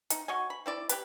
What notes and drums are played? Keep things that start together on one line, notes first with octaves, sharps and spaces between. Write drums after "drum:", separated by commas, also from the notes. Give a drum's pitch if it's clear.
D#4, drum: hi-hat
F#4 C#5 D#5 G#5
B5
C4 E4 D5
G4 B4, drum: hi-hat